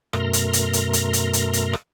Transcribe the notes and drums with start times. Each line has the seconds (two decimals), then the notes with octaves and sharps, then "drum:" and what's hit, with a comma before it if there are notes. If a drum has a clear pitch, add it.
0.13 F#2 B2 A3 A#4 A#5 C6, drum: rim click
0.33 drum: hi-hat
0.53 drum: hi-hat
0.73 drum: hi-hat
0.93 drum: hi-hat
1.13 drum: hi-hat
1.33 drum: hi-hat
1.53 drum: hi-hat
1.73 drum: rim click